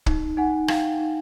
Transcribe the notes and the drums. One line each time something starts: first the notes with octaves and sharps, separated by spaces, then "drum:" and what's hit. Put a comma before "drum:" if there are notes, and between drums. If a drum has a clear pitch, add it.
D#4, drum: kick
D#4 F#5 G#5
D#4 F5 G5, drum: rim click
D#4